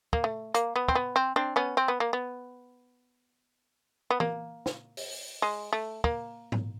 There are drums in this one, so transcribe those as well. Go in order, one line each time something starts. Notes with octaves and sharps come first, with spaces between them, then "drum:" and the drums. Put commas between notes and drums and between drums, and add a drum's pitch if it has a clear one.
A#3, drum: kick
A3
A#3, drum: hi-hat
B3
C4, drum: kick
B3
C4
C4 D4
B3 C#4
C4
B3
A#3
B3
B3
A#3, drum: tom E3
drum: snare
drum: open hi-hat
G#3
A3
A#3, drum: kick
drum: tom G#2